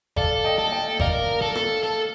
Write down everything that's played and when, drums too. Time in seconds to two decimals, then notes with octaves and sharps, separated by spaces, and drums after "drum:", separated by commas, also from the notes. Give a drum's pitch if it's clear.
0.16 A4 D5 F5, drum: kick G1
0.44 D#5 G5
0.58 A4
0.72 D#5 G5
0.99 A#4 D5 F5, drum: kick G1
1.42 A4
1.55 drum: rim click
1.83 A4